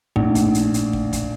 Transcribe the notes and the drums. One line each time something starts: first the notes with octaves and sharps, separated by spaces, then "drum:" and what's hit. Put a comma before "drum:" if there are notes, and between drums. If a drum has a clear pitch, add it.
A#1 A3, drum: kick
drum: kick, hi-hat
drum: hi-hat
drum: hi-hat
drum: kick
drum: kick, hi-hat